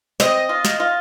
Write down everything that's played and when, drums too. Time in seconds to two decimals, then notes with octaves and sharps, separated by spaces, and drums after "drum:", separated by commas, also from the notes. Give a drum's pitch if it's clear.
0.20 C4 D#5, drum: snare
0.49 F4
0.65 drum: snare
0.80 F4